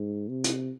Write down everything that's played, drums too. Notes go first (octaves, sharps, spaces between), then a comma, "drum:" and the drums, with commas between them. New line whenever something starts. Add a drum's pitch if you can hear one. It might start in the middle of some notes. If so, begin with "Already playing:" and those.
Already playing: G#2
C3
drum: hi-hat